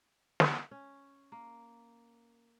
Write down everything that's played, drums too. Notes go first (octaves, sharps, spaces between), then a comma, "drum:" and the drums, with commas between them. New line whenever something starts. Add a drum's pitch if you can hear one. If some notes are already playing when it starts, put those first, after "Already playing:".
drum: snare
C#4
A#3